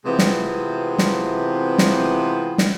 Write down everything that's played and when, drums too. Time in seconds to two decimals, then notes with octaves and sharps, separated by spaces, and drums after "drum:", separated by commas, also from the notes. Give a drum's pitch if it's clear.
0.05 C3 E3 F3 G#3 B3 C4
0.19 drum: snare
0.98 drum: snare
1.78 drum: snare
2.58 drum: snare